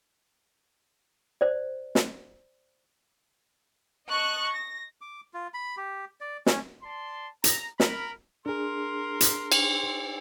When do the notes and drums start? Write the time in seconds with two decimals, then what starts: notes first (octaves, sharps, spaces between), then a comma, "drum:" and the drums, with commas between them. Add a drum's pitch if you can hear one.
1.41 C5 D5
1.95 drum: snare
4.09 D#5 A5 C#6 F#6
4.54 A#6
5.01 D6
5.33 F4
5.54 B5
5.77 G4
6.21 D5
6.46 C#4, drum: snare
6.83 D5 A5 C6
7.44 A#5, drum: hi-hat
7.80 A#4 B5, drum: snare
8.46 D4 G#4 A#4 C6
9.20 drum: hi-hat
9.52 drum: cymbal